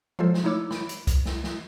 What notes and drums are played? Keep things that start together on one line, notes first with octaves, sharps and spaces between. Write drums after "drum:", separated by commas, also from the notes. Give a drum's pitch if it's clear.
F3 F#3 G#3 F4 A4 C5
drum: snare
A3 D#4 E4 C#5 D6 E6
B5 D7, drum: snare
drum: hi-hat
drum: kick C2, hi-hat
drum: snare
drum: snare